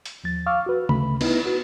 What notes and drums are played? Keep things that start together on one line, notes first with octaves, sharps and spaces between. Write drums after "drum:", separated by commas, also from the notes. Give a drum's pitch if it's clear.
drum: hi-hat
D#2 F3 A6
F5 C#6 D6 E6 F6
F#4 B4
D2 C#3 A3 B5, drum: tom
B3 D#4 E4 B4, drum: cymbal
F#4 B4